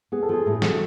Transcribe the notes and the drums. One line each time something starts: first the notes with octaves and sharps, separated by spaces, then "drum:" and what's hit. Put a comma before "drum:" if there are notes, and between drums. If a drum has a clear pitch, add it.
B3 G#4
A4
F3 G#4
A2
G#4
F#3 A4, drum: snare